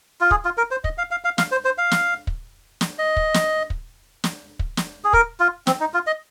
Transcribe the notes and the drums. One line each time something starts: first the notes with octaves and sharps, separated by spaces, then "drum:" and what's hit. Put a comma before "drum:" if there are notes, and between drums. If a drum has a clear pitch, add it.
F4
G#4, drum: kick
F4
A#4
C5
D#5, drum: kick
F5
F5
F5
F5, drum: snare
C5
C5
F5
drum: snare
drum: kick
drum: snare
D#5
drum: kick
drum: snare
drum: kick
drum: snare
drum: kick
drum: snare
G#4
A#4, drum: kick
F4
C4, drum: snare
D#4
F4
D#5